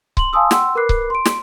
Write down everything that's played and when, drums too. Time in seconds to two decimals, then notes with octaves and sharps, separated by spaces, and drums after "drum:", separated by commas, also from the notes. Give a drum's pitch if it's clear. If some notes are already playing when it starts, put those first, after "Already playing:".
0.17 C6 F#7, drum: kick C#1
0.33 F5 G#5 A5 C6 D#6 E6
0.51 F#5 G5 C6 E6, drum: snare
0.75 A#4 B4 B5 D6 F#6 C7
0.89 drum: kick C#1
1.10 C6 D7
1.25 drum: snare